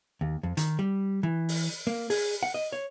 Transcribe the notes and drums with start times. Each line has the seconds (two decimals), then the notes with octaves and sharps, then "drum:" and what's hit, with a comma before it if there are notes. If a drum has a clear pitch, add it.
0.21 D#2
0.43 F2
0.57 D#3, drum: hi-hat
0.79 G3
1.23 E3
1.49 drum: open hi-hat
1.87 A#3
2.10 G#4, drum: open hi-hat
2.43 F#5
2.54 D#5
2.72 C#5